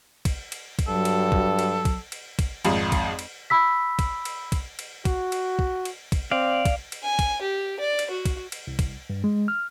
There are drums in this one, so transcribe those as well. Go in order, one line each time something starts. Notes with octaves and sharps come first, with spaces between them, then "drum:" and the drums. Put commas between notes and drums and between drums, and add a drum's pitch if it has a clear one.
drum: kick, cymbal
drum: cymbal
drum: kick, cymbal
G2 F#3 A4
drum: cymbal
drum: kick
drum: cymbal
drum: kick, cymbal
drum: cymbal
drum: kick, cymbal
G#1 F2 G#2, drum: cymbal
drum: kick, cymbal
drum: cymbal
B5 E6 B6
drum: kick, cymbal
drum: cymbal
drum: kick, cymbal
drum: cymbal
F#4, drum: kick, cymbal
drum: cymbal
drum: kick
drum: cymbal
drum: kick, cymbal
C4 D5 F5
drum: kick, cymbal
drum: cymbal
G#5
drum: kick, cymbal
G4
D5
drum: cymbal
F#4
drum: kick, cymbal
drum: cymbal
C2
drum: kick, cymbal
G2
G#3
F6